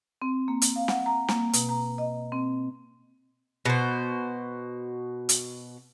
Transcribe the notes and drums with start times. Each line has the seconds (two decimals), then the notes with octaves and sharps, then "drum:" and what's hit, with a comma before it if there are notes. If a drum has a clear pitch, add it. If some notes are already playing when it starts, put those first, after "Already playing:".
0.22 C4
0.48 A#3
0.62 drum: hi-hat
0.76 F5
0.88 F#5, drum: snare
1.06 A#5
1.28 A#3, drum: snare
1.53 B2, drum: hi-hat
1.69 A#5
1.98 D#5
2.32 C4
3.65 B2 C5
5.29 drum: hi-hat